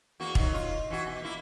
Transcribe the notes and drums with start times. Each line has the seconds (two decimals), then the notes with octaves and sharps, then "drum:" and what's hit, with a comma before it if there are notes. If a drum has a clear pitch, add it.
0.20 E2 A#3 F#4
0.35 D#2 F#3 D#4, drum: kick
0.54 F4
0.90 E3 F#4
1.07 B2
1.22 A#3 E4